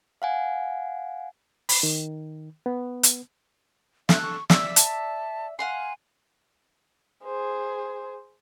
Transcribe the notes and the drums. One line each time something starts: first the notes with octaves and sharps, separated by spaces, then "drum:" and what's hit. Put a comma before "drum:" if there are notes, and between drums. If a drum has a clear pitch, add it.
F5 F#5 G#5
B5, drum: open hi-hat
D#3
B3
drum: hi-hat
D4 A4 E5 F#6, drum: snare
C#6
D5 E5 E6, drum: snare
A5, drum: hi-hat
F5 F#5 G#5 C6
G#4 C5